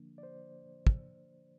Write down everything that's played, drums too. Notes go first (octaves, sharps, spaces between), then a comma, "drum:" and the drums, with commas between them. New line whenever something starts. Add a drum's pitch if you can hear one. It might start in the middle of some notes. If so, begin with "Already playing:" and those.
Already playing: D3 F3 A#3 D4
D5
C5
drum: kick